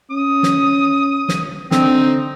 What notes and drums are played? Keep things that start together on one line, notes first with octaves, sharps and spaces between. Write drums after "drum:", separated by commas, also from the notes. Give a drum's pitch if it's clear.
C#4 D#6
drum: snare
drum: snare
D3 C4 D#4, drum: snare